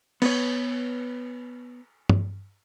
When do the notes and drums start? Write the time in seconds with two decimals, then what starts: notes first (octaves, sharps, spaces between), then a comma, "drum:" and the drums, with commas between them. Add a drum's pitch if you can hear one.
0.22 B3 B4 C#5, drum: cymbal
2.09 drum: tom